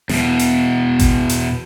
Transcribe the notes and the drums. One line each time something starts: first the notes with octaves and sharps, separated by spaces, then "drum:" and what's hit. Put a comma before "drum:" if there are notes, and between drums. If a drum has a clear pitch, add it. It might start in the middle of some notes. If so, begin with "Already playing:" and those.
E2 B2, drum: snare
drum: hi-hat
drum: kick A1, hi-hat
drum: hi-hat